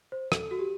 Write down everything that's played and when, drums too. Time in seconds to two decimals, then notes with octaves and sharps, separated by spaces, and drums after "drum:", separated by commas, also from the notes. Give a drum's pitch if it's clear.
0.12 C5
0.32 A4, drum: rim click
0.51 F#4
0.59 G4